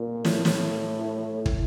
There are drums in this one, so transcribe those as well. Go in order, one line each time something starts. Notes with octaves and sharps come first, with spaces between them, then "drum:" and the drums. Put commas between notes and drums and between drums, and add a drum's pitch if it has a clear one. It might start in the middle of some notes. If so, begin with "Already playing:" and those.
Already playing: A#2
A2, drum: snare
drum: snare
drum: kick